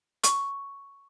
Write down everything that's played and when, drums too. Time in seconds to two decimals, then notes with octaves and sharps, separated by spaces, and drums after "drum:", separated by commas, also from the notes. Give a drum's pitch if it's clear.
0.23 C#6, drum: hi-hat